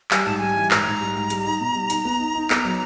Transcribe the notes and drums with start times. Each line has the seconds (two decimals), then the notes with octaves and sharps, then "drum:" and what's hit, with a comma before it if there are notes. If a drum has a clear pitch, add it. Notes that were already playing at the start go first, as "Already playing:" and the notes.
0.11 G3 G#5, drum: clap
0.25 G#2 A5
0.38 G3 G#5
0.56 E3
0.71 G#2 A#5, drum: clap
0.86 G#2
1.01 G3
1.16 G#2
1.30 G3, drum: hi-hat
1.45 D#4
1.60 B2
1.75 G3
1.90 D#4, drum: hi-hat
2.05 B3
2.20 D#4
2.35 D#4
2.50 B3, drum: clap
2.65 F#3